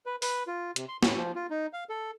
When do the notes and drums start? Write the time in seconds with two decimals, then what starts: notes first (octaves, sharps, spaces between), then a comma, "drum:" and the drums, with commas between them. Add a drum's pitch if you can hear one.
0.06 B4
0.22 B4, drum: open hi-hat
0.47 F4
0.76 C3, drum: hi-hat
0.88 C6
1.03 A2, drum: snare
1.17 F3
1.35 F4
1.50 D#4
1.73 F5
1.89 A4